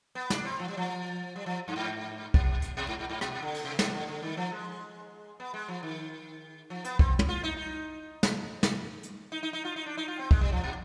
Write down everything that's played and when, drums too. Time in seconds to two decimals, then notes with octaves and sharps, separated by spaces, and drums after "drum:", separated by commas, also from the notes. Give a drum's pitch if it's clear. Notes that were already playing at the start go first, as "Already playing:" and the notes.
0.15 B3
0.30 D4, drum: snare
0.45 C4
0.59 F3
0.68 G3
0.77 F3
1.36 G3
1.46 F3
1.68 G2
1.76 G#2
2.34 B2, drum: kick
2.62 drum: hi-hat
2.77 B2
2.88 G#2
2.99 G#2
3.10 G#2
3.21 B2, drum: rim click
3.43 D3
3.54 drum: cymbal
3.65 C3
3.79 B2, drum: snare
3.94 D3
4.08 D3
4.23 D#3
4.37 F3
4.52 G#3
5.40 B3
5.54 G#3
5.68 F3
5.83 D#3
6.70 F3
6.84 B3, drum: hi-hat
6.99 C4, drum: kick
7.19 drum: tom
7.29 F4
7.43 D#4
7.57 D#4
8.23 drum: snare
8.63 drum: snare
9.03 drum: hi-hat
9.32 D#4
9.43 D#4
9.53 D#4
9.65 F4
9.76 D#4
9.86 D4
9.97 D#4
10.08 F4
10.19 C4
10.31 G#3, drum: kick
10.41 G3
10.52 F3
10.64 B2